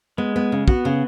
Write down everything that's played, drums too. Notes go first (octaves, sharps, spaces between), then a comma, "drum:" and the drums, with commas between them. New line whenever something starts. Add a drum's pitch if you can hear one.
G#3 B3
B3
C#3
B3 F#4, drum: kick
C#3